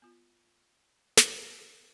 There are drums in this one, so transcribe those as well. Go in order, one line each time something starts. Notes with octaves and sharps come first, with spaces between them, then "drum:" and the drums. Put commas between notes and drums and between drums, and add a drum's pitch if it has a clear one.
B3 F4
drum: snare